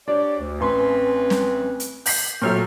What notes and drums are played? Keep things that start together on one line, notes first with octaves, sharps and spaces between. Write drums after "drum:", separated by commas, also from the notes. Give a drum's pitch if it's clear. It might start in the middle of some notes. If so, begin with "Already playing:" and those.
D4 G4 C#5 D5
D2
A1 C4 C#4 B4 C6
drum: snare
drum: hi-hat
G6 B6 C7, drum: open hi-hat
A#2 F#3 A3 G5 C#6 F6